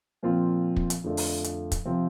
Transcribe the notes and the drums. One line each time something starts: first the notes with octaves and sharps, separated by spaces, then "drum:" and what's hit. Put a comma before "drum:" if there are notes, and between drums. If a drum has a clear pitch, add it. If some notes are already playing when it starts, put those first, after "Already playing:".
A#2 F3 C4 F4
drum: kick
drum: hi-hat
F2 D3 F3 A3
drum: open hi-hat
drum: hi-hat
drum: kick, hi-hat
C3 F3 C4